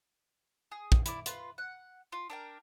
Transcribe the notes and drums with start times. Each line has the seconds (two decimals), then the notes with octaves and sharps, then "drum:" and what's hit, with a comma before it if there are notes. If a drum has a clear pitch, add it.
0.72 G#4
0.92 drum: kick
1.06 E4 D5, drum: hi-hat
1.26 F4 B4, drum: hi-hat
1.58 F#5
2.12 F4
2.30 D4 A#4 G5